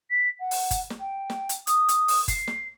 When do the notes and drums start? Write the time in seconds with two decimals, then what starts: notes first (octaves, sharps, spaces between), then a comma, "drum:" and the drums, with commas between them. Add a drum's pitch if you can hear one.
0.10 B6
0.40 F#5
0.51 drum: open hi-hat
0.71 drum: kick G1, hi-hat
0.90 drum: snare
1.00 G5
1.30 drum: snare
1.49 drum: hi-hat
1.67 D#6, drum: hi-hat
1.89 drum: hi-hat
2.08 drum: open hi-hat
2.28 C7, drum: kick G1, hi-hat
2.47 drum: snare